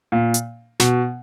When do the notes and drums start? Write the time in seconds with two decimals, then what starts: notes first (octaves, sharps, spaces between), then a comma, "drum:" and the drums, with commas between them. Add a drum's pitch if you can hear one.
0.12 A#2
0.34 drum: hi-hat
0.80 B2, drum: snare